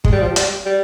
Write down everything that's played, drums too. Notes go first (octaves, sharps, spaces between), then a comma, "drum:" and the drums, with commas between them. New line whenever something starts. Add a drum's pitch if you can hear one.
G#3, drum: kick
G3
F3
G3, drum: hi-hat
G3